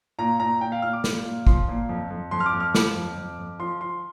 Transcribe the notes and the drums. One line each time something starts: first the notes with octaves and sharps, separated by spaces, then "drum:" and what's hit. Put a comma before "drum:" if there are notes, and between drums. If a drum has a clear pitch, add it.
A#2 A#5
A#2 A#5
A#2 G5
F5
A#2 F6
D6
A#2, drum: snare
A#2
F3 C6, drum: kick
A#2
F2
F2
F2 C6
F6
D6
F2
F6
F3 D6, drum: snare
F2
F2
F2
F3 C6
F3 C6